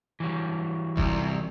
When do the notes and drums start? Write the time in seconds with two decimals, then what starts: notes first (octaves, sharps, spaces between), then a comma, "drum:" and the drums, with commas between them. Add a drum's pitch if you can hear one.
0.20 E3 F#3 G3
0.97 C2, drum: kick F1